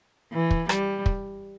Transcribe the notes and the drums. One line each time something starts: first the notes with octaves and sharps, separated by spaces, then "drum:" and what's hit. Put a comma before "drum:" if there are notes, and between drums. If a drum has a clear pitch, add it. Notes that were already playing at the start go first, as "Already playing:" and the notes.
E3
drum: kick
G3, drum: rim click
drum: kick